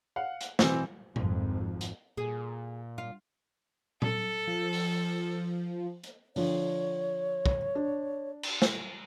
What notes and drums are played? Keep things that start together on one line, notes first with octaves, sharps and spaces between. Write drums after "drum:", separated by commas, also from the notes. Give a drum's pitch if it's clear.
F5 F#5
drum: hi-hat
B2 E3 C4, drum: snare
G#1 F2 F3, drum: tom A#2
drum: hi-hat
A#2 G#4
F4
A4, drum: tom A#2
F3
drum: open hi-hat
drum: hi-hat
D3 F3 C#5, drum: open hi-hat
drum: kick
D4
drum: cymbal
drum: snare